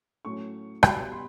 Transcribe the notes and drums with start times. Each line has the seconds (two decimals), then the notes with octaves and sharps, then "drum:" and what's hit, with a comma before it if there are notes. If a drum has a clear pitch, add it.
0.25 A2 F#3 A3 C#4 C#6
0.83 B2 G3 B3 B5, drum: rim click
1.12 C6